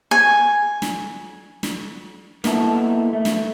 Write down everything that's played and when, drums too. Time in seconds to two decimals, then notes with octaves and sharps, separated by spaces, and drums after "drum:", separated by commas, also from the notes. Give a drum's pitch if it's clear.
0.11 G#5
0.82 drum: snare
1.63 drum: snare
2.44 A#3 B3 D#4 E4 A4, drum: snare
3.13 A3
3.25 drum: snare